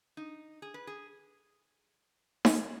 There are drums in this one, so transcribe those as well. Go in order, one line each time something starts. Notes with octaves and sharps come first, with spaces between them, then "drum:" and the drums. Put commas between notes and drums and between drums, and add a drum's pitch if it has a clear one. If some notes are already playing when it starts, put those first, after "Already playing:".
D#4
G#4
B4
G#4
C#4, drum: snare D#4